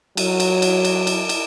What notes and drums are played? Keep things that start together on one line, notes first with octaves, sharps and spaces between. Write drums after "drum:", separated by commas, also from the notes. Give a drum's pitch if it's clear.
F#3, drum: cymbal
drum: cymbal
drum: cymbal
drum: cymbal
drum: cymbal
drum: cymbal